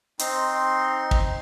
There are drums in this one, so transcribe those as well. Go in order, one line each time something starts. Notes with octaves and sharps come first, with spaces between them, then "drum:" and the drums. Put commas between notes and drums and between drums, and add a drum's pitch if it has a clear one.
C4 D#4 C6, drum: hi-hat
drum: kick